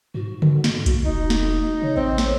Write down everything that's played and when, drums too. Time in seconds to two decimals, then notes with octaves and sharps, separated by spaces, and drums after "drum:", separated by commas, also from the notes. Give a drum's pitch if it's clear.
0.14 G#2 F#4
0.42 drum: tom C#3
0.64 drum: snare
0.86 drum: kick B1, hi-hat
1.05 E1 D#4
1.30 drum: snare
1.82 C#3 C#5
1.96 A1 C4
2.18 drum: snare